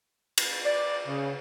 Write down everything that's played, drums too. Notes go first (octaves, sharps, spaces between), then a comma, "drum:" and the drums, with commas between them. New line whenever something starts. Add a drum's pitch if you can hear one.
drum: cymbal
D5
C#3